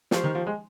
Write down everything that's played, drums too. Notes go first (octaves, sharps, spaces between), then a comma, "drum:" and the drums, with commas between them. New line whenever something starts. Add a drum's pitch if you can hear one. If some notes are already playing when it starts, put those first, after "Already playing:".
F3 C#4 G4 C5, drum: snare
D#3
F3
G#3